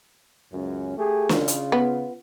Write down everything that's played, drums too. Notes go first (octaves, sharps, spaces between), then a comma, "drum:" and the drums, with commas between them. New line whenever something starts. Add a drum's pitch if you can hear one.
C#2 F#2 C#4
A3 G4 G#4
C#3 F4, drum: snare
drum: hi-hat
B3